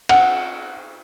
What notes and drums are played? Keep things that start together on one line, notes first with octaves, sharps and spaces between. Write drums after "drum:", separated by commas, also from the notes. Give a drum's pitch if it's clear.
F#5, drum: cymbal